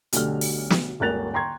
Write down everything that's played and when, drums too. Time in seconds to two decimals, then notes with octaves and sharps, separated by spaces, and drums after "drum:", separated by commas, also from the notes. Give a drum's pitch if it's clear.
0.13 B1 D3 G3 A3 F6, drum: hi-hat
0.41 drum: open hi-hat
0.70 drum: snare
1.00 D#1 G#1 A#4 F#6 A6 F7
1.34 G5 A#5 C6 C#6 G#6